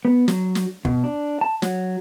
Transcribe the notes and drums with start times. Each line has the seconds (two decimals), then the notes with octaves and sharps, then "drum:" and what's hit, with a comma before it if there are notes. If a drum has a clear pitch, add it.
0.05 B3
0.28 F#3, drum: snare
0.55 drum: snare
0.85 B2, drum: kick
1.04 D4
1.41 A5
1.62 F#3, drum: snare